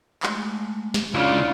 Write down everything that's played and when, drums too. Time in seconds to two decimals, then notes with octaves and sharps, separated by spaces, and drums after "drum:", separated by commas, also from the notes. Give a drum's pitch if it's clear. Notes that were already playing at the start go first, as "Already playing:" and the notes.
0.23 G#3 A3, drum: clap
0.94 drum: snare
1.14 C#2 C#3 D4 E4 F4 D5 F5